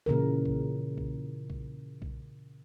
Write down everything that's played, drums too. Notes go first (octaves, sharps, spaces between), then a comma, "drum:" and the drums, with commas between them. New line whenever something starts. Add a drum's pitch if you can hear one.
A#2 C#3 E3 A#4
drum: kick B1
drum: kick B1
drum: kick B1
drum: kick B1